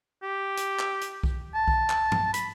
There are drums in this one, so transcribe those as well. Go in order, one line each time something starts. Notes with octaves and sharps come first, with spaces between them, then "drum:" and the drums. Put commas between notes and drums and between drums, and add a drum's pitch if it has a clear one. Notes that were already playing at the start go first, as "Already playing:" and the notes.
G4
drum: hi-hat
drum: clap
drum: hi-hat
drum: kick B1
A5
drum: kick B1
drum: clap
drum: tom G2
B5, drum: hi-hat